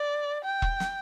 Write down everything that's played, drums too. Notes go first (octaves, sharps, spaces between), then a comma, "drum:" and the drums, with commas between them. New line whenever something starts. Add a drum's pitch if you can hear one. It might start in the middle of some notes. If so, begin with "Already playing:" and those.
Already playing: D5
G5
drum: kick E1
drum: snare